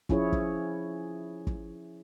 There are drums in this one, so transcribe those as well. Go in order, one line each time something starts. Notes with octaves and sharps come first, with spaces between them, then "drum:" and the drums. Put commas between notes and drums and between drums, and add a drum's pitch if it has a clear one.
F3 C#4 E4 G#4 C#5, drum: kick
drum: kick
drum: kick